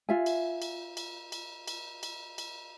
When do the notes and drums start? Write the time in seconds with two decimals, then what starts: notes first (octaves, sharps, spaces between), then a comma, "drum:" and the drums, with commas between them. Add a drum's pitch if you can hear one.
0.09 F4 E5 G#5
0.26 drum: cymbal
0.62 drum: cymbal
0.97 drum: cymbal
1.32 drum: cymbal
1.68 drum: cymbal
2.03 drum: cymbal
2.38 drum: cymbal